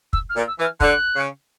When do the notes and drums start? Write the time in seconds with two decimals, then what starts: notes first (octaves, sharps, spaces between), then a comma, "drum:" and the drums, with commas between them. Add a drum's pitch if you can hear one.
0.13 E6, drum: kick
0.30 F6
0.35 A#2
0.47 E6
0.58 E3
0.64 F6
0.80 D3 F#6, drum: kick
1.15 C#3